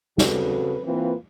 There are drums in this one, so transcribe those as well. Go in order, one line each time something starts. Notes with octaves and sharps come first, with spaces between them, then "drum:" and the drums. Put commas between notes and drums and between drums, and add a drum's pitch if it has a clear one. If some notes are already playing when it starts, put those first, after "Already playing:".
C#3 C4 F#4 A4 B4, drum: snare
E3 A#3 C4 F4 B4